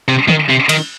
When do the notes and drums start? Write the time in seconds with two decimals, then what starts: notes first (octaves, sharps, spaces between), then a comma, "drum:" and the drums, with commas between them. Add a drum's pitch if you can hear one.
0.08 C3
0.28 D#3, drum: tom D3
0.50 C3
0.69 D#3, drum: cymbal